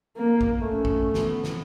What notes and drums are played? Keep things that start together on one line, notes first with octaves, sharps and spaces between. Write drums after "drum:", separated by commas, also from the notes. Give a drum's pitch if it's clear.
A#3
drum: kick A#1
A3 C#4
drum: kick A#1
B3, drum: snare
drum: snare